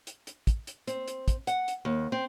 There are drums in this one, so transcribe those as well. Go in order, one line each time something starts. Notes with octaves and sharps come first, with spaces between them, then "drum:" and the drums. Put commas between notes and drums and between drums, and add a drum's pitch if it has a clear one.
drum: hi-hat
drum: hi-hat
drum: kick, hi-hat
drum: hi-hat
C4, drum: hi-hat
drum: hi-hat
drum: kick, hi-hat
F#5, drum: hi-hat
drum: hi-hat
D#2
C4